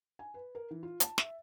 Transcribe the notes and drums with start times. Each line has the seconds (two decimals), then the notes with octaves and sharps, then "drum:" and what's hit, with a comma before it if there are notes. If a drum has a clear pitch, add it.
0.19 G#5
0.34 B4
0.55 A#4
0.71 E3
0.83 F4
1.00 A5, drum: hi-hat
1.18 E5, drum: snare